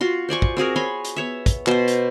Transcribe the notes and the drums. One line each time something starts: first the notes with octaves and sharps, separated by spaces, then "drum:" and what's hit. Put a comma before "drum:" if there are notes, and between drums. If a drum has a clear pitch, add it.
F4 F#4 C6
C5 D5 G#5 C#6
drum: kick
C4 F#4 G#4 A#4
C#5 G#5 B5 C6
drum: hi-hat
B3 C#5 E5
drum: kick, hi-hat
B2 C5 C6, drum: clap
drum: hi-hat